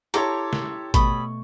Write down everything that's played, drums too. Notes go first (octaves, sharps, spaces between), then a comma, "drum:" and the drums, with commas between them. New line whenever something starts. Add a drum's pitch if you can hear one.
E4 G4 A4 C#5 A#5 C6 D6, drum: hi-hat
drum: snare
B2 A3 B5 C#6 D#6, drum: kick G#1, hi-hat